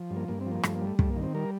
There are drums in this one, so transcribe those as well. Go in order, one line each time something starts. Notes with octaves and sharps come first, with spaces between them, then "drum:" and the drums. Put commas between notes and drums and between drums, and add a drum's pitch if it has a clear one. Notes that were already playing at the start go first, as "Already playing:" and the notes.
Already playing: F3
G2
A#3
G2 A#3
C4
F3
A#3
G2 A3, drum: rim click
A#3
G3
A3
G2 A3, drum: kick
A#3
D#3
C4
G3 A#4